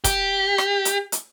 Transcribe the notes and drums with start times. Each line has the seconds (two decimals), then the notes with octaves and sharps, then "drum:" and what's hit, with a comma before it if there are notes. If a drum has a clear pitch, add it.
0.04 G4, drum: kick, hi-hat
0.58 drum: rim click
0.85 drum: hi-hat
1.12 drum: hi-hat